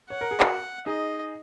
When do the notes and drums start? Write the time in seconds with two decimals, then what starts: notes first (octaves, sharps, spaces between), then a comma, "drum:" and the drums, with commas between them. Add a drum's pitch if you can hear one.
0.10 C#5 F#5
0.21 A#4
0.31 G#4
0.40 F#4 A#4, drum: clap
0.86 D#4 G#4 D#5